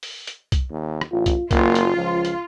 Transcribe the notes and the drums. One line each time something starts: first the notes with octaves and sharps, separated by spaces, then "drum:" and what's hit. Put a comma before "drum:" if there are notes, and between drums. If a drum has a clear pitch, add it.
drum: open hi-hat
drum: hi-hat
drum: kick C2, hi-hat
D#2
drum: rim click
A1 F4
drum: kick C2, hi-hat
F#1 A#3 F4, drum: kick C2, hi-hat
drum: hi-hat
C#2 F3
drum: hi-hat